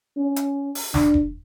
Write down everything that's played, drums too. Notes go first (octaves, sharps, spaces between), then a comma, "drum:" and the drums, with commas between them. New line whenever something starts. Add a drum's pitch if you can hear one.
C#4
drum: hi-hat
drum: open hi-hat
D4, drum: snare
drum: kick E1